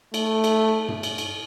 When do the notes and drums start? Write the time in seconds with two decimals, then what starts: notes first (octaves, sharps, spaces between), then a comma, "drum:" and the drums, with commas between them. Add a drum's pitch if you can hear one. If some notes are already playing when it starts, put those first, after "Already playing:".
0.14 A3, drum: cymbal
0.44 drum: cymbal
0.88 drum: tom G2
1.03 drum: cymbal
1.18 drum: cymbal